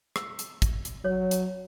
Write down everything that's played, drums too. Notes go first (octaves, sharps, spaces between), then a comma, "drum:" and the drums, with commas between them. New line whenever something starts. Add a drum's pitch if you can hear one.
E6, drum: rim click
drum: hi-hat
drum: kick, hi-hat
drum: hi-hat
F#3 C#5
drum: hi-hat